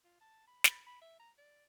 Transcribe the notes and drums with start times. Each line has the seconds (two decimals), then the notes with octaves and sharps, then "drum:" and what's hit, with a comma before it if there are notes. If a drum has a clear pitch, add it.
0.04 F4
0.21 A5
0.48 B5
0.64 B5, drum: snare
0.87 B5
1.01 E5
1.19 A#5
1.38 D5